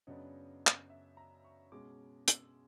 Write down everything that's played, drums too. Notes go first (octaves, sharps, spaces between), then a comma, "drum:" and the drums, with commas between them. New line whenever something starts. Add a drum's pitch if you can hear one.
F#2 C#3 F#3 B3 D4 D#5
drum: clap
E5
A#5
C#6
B2 G#3 C#4 D6
E6, drum: hi-hat